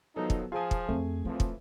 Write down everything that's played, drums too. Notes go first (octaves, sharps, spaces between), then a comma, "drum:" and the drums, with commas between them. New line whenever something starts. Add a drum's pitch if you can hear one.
D#3 F3 F#3 B3 D#4 A4
drum: kick
F3 F4 G#4 G#5 A5 D#6
drum: kick
F2 A3
A2 E3 F3 C4
drum: kick